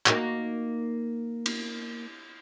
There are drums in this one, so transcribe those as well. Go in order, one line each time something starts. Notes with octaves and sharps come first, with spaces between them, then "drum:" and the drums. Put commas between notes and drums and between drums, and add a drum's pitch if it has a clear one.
A#3 D#4 F#4, drum: clap
drum: cymbal